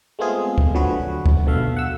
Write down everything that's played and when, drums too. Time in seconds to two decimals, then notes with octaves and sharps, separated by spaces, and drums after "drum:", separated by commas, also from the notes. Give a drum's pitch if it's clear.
0.19 G#3 A3 B3 C4 F4 G#4
0.58 drum: kick
0.75 D3 F3 F#3 A3 F#4 B4
1.26 drum: kick
1.46 B1 B2 D3 A3 E5 F5
1.77 F#5 E6